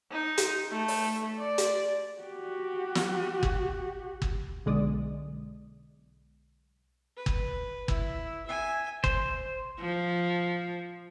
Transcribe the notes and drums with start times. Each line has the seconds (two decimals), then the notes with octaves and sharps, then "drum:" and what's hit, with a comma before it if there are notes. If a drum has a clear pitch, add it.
0.12 D#4
0.38 drum: hi-hat
0.71 A3
0.88 drum: open hi-hat
1.39 D5
1.58 drum: hi-hat
2.22 F#4 G4
2.95 drum: snare
3.43 drum: kick
4.22 drum: kick
4.66 B1 D3 G#3 D5 D#6
7.16 B4
7.26 drum: kick
7.88 E4, drum: kick
8.46 E5 G#5
9.04 C5, drum: kick
9.80 F3